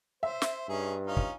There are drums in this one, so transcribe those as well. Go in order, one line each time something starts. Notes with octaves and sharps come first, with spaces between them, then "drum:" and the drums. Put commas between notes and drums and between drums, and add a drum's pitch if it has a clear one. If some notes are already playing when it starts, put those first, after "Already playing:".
C5 E5
drum: snare
G2 C#4 D#4 G#4
C#4 D#4 F4
drum: kick